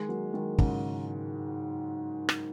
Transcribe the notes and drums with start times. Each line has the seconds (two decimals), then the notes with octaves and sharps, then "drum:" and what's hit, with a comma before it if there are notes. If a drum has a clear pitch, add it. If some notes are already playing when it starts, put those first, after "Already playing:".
Already playing: D#3 G#3
0.08 F#3 A#3
0.34 D#3 G#3
0.58 G#2 C#3, drum: kick
2.29 drum: rim click